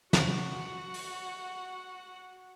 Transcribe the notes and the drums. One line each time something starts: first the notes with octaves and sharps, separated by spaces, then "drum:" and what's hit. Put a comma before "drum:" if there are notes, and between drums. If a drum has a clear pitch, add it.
F#4 F#5, drum: snare
drum: open hi-hat